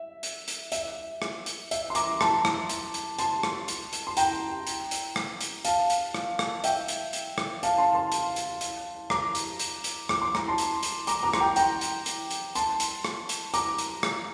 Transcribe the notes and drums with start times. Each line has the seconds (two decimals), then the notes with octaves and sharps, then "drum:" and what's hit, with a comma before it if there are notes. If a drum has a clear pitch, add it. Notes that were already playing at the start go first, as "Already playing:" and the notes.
Already playing: E5
0.23 drum: hi-hat
0.48 drum: hi-hat
0.72 E5, drum: hi-hat
1.22 drum: rim click
1.46 drum: hi-hat
1.71 E5, drum: hi-hat
1.90 C6
1.95 A#5 D6, drum: hi-hat
2.21 A5 C6, drum: rim click
2.45 drum: rim click
2.69 drum: hi-hat
2.94 drum: hi-hat
3.19 A5 C6, drum: hi-hat
3.43 drum: rim click
3.68 drum: hi-hat
3.93 drum: hi-hat
4.07 C6
4.17 G5 A#5, drum: hi-hat
4.67 drum: hi-hat
4.91 drum: hi-hat
5.16 drum: rim click
5.41 drum: hi-hat
5.65 F5 A5, drum: hi-hat
5.90 drum: hi-hat
6.14 drum: rim click
6.39 drum: rim click
6.64 E5 G5, drum: hi-hat
6.88 drum: hi-hat
7.13 drum: hi-hat
7.38 drum: rim click
7.63 F5 A5, drum: hi-hat
7.78 A5 C6
7.95 A5 C6
8.12 drum: hi-hat
8.36 drum: hi-hat
8.61 drum: hi-hat
9.10 A#5 D6, drum: rim click
9.35 drum: hi-hat
9.60 drum: hi-hat
9.84 drum: hi-hat
10.09 D6, drum: rim click
10.22 C6
10.35 A#5, drum: rim click
10.48 A5 C6
10.58 drum: hi-hat
10.83 drum: hi-hat
11.07 A#5 D6, drum: hi-hat
11.23 A#5 D6
11.34 C6, drum: rim click
11.40 G5 A#5
11.56 G5 A#5, drum: hi-hat
11.81 drum: hi-hat
12.06 drum: hi-hat
12.31 drum: hi-hat
12.55 A5 C6, drum: hi-hat
12.80 drum: hi-hat
13.05 drum: rim click
13.29 drum: hi-hat
13.54 A#5 D6, drum: hi-hat
13.78 drum: hi-hat
14.03 drum: rim click